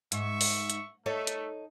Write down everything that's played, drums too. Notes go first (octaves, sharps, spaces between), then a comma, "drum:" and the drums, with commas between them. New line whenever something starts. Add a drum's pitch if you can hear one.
G#2 E5 C#6, drum: hi-hat
drum: open hi-hat
drum: hi-hat
A3 D#4 A4 C#5
drum: hi-hat